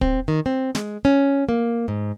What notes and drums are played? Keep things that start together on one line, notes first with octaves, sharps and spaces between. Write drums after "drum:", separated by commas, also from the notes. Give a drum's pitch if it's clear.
C4, drum: kick
D#3
C4
G#3, drum: snare
C#4
A#3
G#2